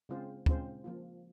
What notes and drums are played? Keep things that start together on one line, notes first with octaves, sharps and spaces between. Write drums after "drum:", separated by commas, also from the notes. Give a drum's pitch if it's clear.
C#3 G#3 C4 F4 C5
C#3 G#3 C4 F4 C5, drum: kick
F3 A#3 F4